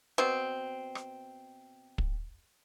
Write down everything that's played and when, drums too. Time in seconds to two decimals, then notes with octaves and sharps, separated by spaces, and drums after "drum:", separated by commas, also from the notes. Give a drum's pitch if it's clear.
0.18 B2 C4
0.95 drum: rim click
1.98 drum: kick